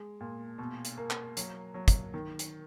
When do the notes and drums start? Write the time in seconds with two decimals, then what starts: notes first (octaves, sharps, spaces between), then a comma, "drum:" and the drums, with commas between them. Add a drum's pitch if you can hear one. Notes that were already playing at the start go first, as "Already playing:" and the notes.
Already playing: G#3
0.20 A#2
0.58 B2
0.85 drum: hi-hat
0.98 A#3
1.10 drum: clap
1.37 F#3, drum: hi-hat
1.74 F#3
1.88 drum: kick, hi-hat
2.14 D#3
2.39 drum: hi-hat